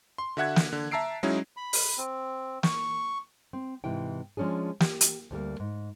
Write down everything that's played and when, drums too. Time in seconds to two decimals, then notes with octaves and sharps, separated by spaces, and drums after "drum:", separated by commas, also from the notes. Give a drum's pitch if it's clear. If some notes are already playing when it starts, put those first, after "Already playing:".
0.18 C6
0.37 D3 F#4 E5 F#5 F#6 G#6
0.56 drum: snare
0.73 D3
0.91 E5 A5 A#5 E6 C7 D7
1.23 F#3 G#3 C#4 D#4 E4
1.57 B5
1.73 drum: open hi-hat
1.98 C4
2.63 C#6, drum: snare
3.53 C4
3.84 G#2 C3 E3 E4 G5
4.37 F3 G#3 C#4 D4 G#4
4.80 G4, drum: snare
5.01 drum: hi-hat
5.31 D2 G3 A#3
5.60 G#2